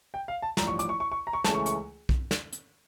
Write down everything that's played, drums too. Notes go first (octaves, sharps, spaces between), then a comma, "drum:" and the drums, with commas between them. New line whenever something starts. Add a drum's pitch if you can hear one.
G5
F5
A5
A1 G2 F3 A#5, drum: snare
C#6
D6, drum: hi-hat
C#6
C#6
C#6
A#5
C#6
C#2 C#3 E3 A3 C#4 A5, drum: snare
C#6
C#6, drum: hi-hat
drum: kick
drum: snare
drum: hi-hat